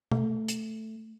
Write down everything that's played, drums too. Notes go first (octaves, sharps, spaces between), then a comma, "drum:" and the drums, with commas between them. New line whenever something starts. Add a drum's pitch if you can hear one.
A3, drum: tom B2
drum: hi-hat